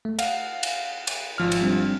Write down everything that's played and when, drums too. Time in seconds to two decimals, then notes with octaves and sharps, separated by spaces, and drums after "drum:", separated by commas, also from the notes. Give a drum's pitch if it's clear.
0.05 A3
0.19 F5 F#5, drum: cymbal
0.63 drum: cymbal
1.07 drum: cymbal
1.38 G#1 F3 F6
1.52 drum: cymbal
1.61 G3 C4 D4